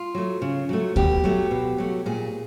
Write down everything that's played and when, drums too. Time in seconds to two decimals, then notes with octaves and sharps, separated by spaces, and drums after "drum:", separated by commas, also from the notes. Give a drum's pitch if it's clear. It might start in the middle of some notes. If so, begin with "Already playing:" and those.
Already playing: F4
0.15 F#3 A3
0.42 C#3
0.69 F#3 A3
0.96 B2 G4, drum: kick D2
1.24 F#3 A3
1.51 B2
1.78 F#3 A3
2.06 A#2 G#4